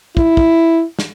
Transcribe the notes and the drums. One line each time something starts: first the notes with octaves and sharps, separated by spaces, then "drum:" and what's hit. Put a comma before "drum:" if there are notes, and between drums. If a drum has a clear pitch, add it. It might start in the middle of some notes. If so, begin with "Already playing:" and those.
E4, drum: kick
drum: kick
drum: snare